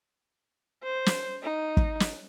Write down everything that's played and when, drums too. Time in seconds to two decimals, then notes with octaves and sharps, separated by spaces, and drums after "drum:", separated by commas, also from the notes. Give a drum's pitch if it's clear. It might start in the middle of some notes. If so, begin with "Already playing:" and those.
0.83 C5
1.06 drum: snare
1.43 D#4
1.77 drum: kick
2.00 drum: snare